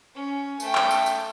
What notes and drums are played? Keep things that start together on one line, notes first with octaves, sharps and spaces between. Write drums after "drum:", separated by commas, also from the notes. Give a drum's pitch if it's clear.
C#4
A3 G5, drum: tambourine
drum: clap
drum: tambourine
drum: tambourine